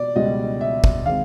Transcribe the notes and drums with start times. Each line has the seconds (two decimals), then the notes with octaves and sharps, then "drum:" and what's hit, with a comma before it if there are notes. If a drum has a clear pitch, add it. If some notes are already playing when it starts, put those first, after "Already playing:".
Already playing: B2 D5
0.16 C#2 B2 G3 D#5
0.61 E5
0.84 drum: kick
1.06 D#3 G#3 C4 F5